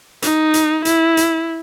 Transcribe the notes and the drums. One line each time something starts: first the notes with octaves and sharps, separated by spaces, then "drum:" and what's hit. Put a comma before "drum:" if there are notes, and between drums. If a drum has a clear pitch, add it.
D#4, drum: hi-hat
drum: hi-hat
E4, drum: hi-hat
drum: hi-hat